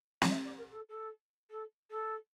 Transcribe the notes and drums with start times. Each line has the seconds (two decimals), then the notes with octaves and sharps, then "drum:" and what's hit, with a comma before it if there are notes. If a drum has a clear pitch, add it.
0.22 D5, drum: snare
0.31 E5
0.45 D5
0.58 A#4
0.71 A4
0.89 A4
1.50 A4
1.90 A4